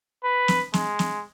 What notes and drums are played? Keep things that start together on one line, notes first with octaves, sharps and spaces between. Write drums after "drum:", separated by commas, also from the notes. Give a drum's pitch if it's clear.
B4
drum: snare
G#3, drum: snare
drum: snare